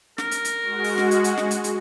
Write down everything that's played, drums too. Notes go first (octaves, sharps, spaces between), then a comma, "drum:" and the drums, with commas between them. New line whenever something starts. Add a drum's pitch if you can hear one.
A#4, drum: snare
drum: hi-hat
drum: hi-hat
G#3 F#4
drum: open hi-hat
drum: snare
drum: hi-hat
drum: hi-hat
drum: snare
drum: hi-hat
drum: hi-hat